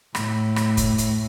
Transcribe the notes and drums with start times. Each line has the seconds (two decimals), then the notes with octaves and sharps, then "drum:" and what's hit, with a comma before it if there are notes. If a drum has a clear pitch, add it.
0.15 A2, drum: rim click
0.56 drum: rim click
0.77 drum: kick, hi-hat
0.98 drum: hi-hat